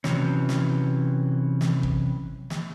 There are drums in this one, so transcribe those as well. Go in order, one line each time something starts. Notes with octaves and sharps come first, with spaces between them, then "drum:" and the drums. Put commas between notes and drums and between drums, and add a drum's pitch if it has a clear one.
C3 E3 F#3 C#4, drum: snare
drum: snare
drum: snare
drum: kick
drum: snare